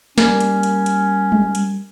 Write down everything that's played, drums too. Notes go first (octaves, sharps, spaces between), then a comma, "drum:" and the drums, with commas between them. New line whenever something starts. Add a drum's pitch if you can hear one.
G3 A#3 C#4, drum: snare
drum: hi-hat
drum: hi-hat
drum: hi-hat
drum: tom G3
drum: hi-hat